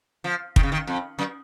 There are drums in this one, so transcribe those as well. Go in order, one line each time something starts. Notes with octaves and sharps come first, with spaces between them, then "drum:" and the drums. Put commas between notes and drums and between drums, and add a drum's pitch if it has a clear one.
F3
D#3, drum: kick
C#3
D#3
F2
F#2